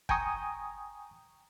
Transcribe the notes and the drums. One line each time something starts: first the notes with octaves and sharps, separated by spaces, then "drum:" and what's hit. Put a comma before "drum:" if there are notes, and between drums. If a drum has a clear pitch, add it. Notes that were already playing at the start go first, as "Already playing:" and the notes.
G5 G#5 A#5 C#6 D#6, drum: kick F#1